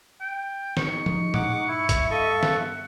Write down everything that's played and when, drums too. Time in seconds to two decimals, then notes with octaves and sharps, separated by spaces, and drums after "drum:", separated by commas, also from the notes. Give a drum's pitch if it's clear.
0.21 G5
0.77 D#4 C#6, drum: snare
1.06 drum: tom F3
1.34 F#5 D6, drum: tom A#2
1.68 G2 E4 E5
1.89 drum: kick, hi-hat
2.11 A4 D#5 F5 C#6
2.43 F#5, drum: snare